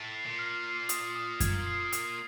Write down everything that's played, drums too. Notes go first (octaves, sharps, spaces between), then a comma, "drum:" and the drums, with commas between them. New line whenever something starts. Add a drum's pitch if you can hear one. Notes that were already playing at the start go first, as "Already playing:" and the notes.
Already playing: A2 A6
C7
A#2
F6
C7
D#6, drum: hi-hat
D#6
G#6, drum: kick F#2, hi-hat
C7
D#6, drum: hi-hat